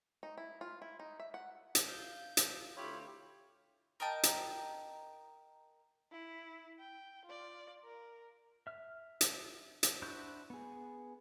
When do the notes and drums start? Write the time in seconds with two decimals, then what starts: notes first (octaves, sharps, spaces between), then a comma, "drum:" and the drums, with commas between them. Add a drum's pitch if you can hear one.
0.23 D#4
0.38 E4
0.61 F4
0.82 E4
1.00 D#4
1.20 E5
1.34 F#5
1.75 drum: hi-hat
1.89 F5 G6
2.37 drum: hi-hat
2.76 D2 E4 F4 G4 C#5 B5
4.00 A#4 D#5 G5 A5
4.23 drum: hi-hat
6.11 E4
6.79 G5
7.25 F4 D5
7.84 A#4
8.67 E5 F6
9.21 drum: hi-hat
9.83 drum: hi-hat
10.02 D4 E4 F#4 C5 G6
10.50 B3 G#4